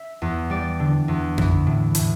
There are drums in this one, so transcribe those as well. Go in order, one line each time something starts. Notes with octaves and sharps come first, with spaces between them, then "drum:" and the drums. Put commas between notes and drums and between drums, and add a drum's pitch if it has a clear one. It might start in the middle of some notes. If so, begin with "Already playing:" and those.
Already playing: E5
E2
G3 D5
D3
E2
E3, drum: tom F2
A2
A2, drum: hi-hat